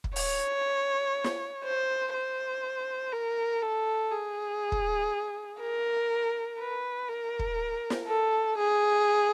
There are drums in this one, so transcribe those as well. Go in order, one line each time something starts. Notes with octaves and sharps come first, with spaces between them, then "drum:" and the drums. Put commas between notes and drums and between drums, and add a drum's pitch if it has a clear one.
drum: kick
C#5, drum: open hi-hat
drum: snare
C5
C5
A#4
A4
G#4
drum: kick
A#4
B4
A#4
drum: kick
drum: snare
A4
G#4